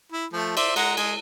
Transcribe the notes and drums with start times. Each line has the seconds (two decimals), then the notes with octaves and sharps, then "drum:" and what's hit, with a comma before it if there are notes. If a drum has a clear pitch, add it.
0.12 E4
0.33 F3 A3
0.57 C5 D5 E5, drum: cymbal
0.76 G#3 F#5 A#5, drum: cymbal
0.97 G#3 G#5, drum: cymbal